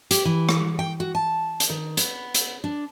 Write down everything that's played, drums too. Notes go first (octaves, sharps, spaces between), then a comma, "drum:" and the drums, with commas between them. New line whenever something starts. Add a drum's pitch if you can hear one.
G4, drum: hi-hat
E3
drum: rim click
G5
F#4
A5
drum: hi-hat
D#3
B3, drum: hi-hat
drum: hi-hat
D4